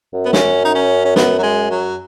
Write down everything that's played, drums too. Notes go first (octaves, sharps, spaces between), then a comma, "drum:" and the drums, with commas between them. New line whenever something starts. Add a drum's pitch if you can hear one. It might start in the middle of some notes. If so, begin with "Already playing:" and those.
F#2
B3
C#4, drum: snare
D#4
C#4
C#4
B3, drum: snare
F#3
G#3
F#3